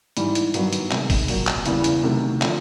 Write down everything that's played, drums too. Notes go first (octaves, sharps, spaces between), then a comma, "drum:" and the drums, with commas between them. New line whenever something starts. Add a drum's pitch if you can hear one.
G#2 E3 G3, drum: hi-hat
drum: hi-hat
G2 D#3 F#3 B3, drum: hi-hat
drum: hi-hat
C3 D#3 G#3, drum: clap
drum: kick, open hi-hat
A#2 F#3 A#3, drum: open hi-hat
drum: clap
E2 C#3 E3 G3 B3, drum: hi-hat
drum: hi-hat
C3 D#3 F#3 A3
D3 F3, drum: clap